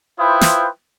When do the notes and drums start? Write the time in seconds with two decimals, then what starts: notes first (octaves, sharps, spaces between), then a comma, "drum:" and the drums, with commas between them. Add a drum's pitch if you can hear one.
0.18 E4 F4 B4 C5 G5 D#6
0.41 drum: snare